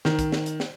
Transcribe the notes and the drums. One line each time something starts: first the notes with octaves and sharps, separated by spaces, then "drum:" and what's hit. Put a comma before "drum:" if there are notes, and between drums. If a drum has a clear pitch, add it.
D#3, drum: snare
drum: kick, hi-hat
drum: snare
drum: hi-hat
drum: snare